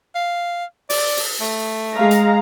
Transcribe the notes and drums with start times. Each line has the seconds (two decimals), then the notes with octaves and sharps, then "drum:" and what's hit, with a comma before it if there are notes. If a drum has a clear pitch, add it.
0.15 F5
0.90 D5, drum: open hi-hat
1.17 drum: open hi-hat
1.41 A3
1.95 G#3 F5 A#5
2.11 drum: hi-hat